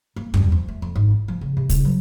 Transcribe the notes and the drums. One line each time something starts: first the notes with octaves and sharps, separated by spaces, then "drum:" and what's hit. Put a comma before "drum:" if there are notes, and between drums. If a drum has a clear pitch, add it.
A#3
G2, drum: tom E2
F3
A3
F2
G#1
E4
F3
C#3
C3
C#3, drum: kick, hi-hat
F#3